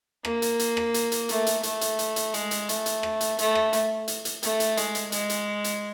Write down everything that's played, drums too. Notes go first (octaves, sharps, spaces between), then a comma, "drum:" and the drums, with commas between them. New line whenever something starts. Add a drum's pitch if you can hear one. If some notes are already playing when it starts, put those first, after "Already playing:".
A#3, drum: rim click
drum: hi-hat
drum: hi-hat
drum: rim click
drum: hi-hat
drum: hi-hat
A3, drum: hi-hat
drum: hi-hat
A3, drum: hi-hat
drum: hi-hat
drum: hi-hat
drum: hi-hat
G#3, drum: hi-hat
drum: hi-hat
A3, drum: hi-hat
drum: hi-hat
drum: rim click
drum: hi-hat
A3, drum: hi-hat
drum: rim click
drum: hi-hat
drum: hi-hat
drum: hi-hat
A3, drum: hi-hat
drum: hi-hat
G#3, drum: hi-hat
drum: hi-hat
G#3, drum: hi-hat
drum: hi-hat
drum: hi-hat